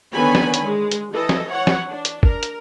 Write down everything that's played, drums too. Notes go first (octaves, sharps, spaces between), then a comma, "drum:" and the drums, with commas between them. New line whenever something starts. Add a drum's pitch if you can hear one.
D3 D#3 B3 C#5 G#5 B5
drum: snare
drum: hi-hat
G#3
drum: hi-hat
E3 A4 D#5
drum: snare
E3 C#5 F#5
drum: snare
D4
drum: hi-hat
A#4, drum: kick
drum: hi-hat